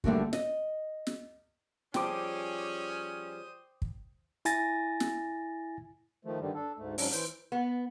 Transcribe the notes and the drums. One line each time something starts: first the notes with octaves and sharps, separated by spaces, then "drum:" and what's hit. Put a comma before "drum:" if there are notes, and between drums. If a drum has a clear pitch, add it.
D3 G3 A3 A#3 D4 F#4, drum: kick
D#5, drum: snare
drum: snare
F3 G3 C#4 G#4 C5 G5 D6 D#6, drum: snare
drum: kick
E4 G#5 A6 A#6, drum: hi-hat
drum: snare
D#3 F3 A3
G2 D3 D#3 G3
D4 A4
D2 G#2 A3
G#2 F#3 C#4 D4, drum: open hi-hat
E3 C5, drum: hi-hat
B3